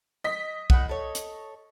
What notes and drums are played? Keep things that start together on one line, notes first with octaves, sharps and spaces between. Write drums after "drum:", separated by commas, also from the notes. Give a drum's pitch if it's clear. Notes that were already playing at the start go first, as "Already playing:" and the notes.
D#5 B6
A2 F#5, drum: kick
A4 C#5
drum: hi-hat